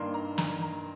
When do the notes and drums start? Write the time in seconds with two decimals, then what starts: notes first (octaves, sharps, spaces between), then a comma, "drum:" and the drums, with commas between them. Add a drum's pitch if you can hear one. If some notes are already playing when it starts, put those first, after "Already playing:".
Already playing: G2 D#3 A#3 D4 C6
0.14 A#5
0.38 A#5, drum: snare
0.62 A#5